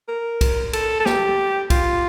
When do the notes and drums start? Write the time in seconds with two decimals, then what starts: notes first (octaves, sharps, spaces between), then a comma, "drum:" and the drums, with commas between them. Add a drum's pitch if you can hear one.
0.08 A#4
0.41 drum: kick, cymbal
0.73 A4, drum: cymbal
1.00 A4
1.06 G4, drum: snare
1.70 F4, drum: kick, cymbal